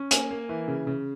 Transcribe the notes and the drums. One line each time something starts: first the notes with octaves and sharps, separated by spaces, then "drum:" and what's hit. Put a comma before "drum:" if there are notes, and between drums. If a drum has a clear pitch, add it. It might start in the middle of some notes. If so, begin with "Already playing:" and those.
Already playing: C#4
A#3 G#5, drum: hi-hat
A#3
E3
C#3
C#3